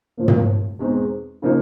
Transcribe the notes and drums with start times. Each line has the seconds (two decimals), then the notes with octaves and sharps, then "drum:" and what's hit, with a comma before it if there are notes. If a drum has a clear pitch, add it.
0.17 A2 F3 A#3
0.28 drum: tom
0.79 E2 B2 G#3 C4 D#4
1.42 C#3 F3 A#3 D#4